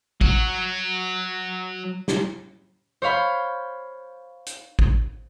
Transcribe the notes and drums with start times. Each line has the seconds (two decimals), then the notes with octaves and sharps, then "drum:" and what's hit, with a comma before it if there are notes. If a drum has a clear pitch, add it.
0.21 F#3 F#4, drum: kick
2.08 drum: snare
3.02 C5 C#5 F5 B5
4.46 drum: hi-hat
4.79 drum: kick